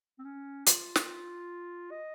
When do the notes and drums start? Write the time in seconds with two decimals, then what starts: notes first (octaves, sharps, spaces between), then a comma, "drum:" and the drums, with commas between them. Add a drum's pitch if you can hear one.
0.19 C4
0.25 C#4
0.66 F4, drum: hi-hat
0.96 drum: snare
1.91 D#5